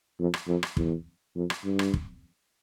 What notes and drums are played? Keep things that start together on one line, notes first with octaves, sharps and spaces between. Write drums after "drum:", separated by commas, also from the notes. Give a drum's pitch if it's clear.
F2
drum: rim click
F2
drum: rim click
E2, drum: kick
F2
drum: rim click
G2
drum: rim click
drum: kick